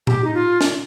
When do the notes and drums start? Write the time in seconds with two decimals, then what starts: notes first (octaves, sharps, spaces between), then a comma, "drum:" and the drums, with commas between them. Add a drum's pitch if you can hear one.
0.07 G4, drum: tom A2
0.24 D#4
0.34 F4
0.61 drum: snare